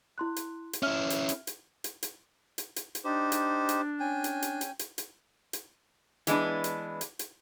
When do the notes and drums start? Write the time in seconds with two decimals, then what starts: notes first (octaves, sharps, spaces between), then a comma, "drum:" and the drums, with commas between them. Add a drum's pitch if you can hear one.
0.18 E4 C6 F#6
0.36 drum: hi-hat
0.73 drum: hi-hat
0.83 C#4 E4 E5 F6
1.10 drum: hi-hat
1.29 drum: hi-hat
1.47 drum: hi-hat
1.84 drum: hi-hat
2.03 drum: hi-hat
2.58 drum: hi-hat
2.76 drum: hi-hat
2.95 drum: hi-hat
3.04 D4 D#4 G4 C5
3.32 drum: hi-hat
3.69 drum: hi-hat
4.00 C#4 G5 G#5
4.24 drum: hi-hat
4.42 drum: hi-hat
4.61 drum: hi-hat
4.79 drum: hi-hat
4.98 drum: hi-hat
5.53 drum: hi-hat
6.27 E3 G#3 B3 D4, drum: hi-hat
6.64 drum: hi-hat
7.01 drum: hi-hat
7.19 drum: hi-hat